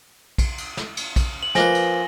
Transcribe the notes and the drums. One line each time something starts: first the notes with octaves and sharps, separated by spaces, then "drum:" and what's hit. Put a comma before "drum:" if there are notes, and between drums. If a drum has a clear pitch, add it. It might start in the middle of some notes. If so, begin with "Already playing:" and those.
drum: kick A#1, cymbal
drum: cymbal
drum: snare
drum: cymbal
drum: kick A#1, cymbal
F#7
F3 A#3 B4 G#5 A#6 G7, drum: snare
drum: cymbal